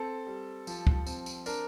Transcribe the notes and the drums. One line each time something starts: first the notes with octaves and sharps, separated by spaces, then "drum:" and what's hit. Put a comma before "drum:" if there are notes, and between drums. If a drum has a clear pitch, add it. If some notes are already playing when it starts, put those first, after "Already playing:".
Already playing: C4 A4
G3
F3, drum: tambourine
drum: kick
C4, drum: tambourine
drum: tambourine
D4 A#4, drum: tambourine